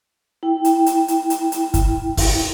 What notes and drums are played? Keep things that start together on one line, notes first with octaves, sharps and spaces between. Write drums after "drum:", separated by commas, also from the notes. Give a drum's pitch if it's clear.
E4 G5
drum: hi-hat
drum: hi-hat
drum: hi-hat
drum: hi-hat
drum: hi-hat
drum: kick, hi-hat
drum: kick, open hi-hat